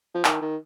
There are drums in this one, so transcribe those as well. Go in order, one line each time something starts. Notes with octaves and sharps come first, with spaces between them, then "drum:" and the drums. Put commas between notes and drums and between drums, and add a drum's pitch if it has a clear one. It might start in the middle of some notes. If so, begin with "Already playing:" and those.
F3
D#3, drum: clap
D#3